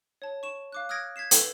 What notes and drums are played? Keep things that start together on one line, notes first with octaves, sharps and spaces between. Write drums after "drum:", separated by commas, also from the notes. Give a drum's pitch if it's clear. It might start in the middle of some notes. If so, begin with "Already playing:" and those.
C#5 A5
C#6 E7
F5 D6 F#6
D#6 F6 F#6 G#6 A#6 D7
G6 G#6 B6 C7 E7
A4 B4 C7, drum: hi-hat